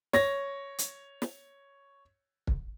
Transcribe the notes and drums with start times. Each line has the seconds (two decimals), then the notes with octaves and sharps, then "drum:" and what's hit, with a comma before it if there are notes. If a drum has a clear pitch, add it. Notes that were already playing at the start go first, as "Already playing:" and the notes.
0.13 C#5 A#6, drum: snare
0.78 drum: hi-hat
1.22 drum: snare
2.47 drum: kick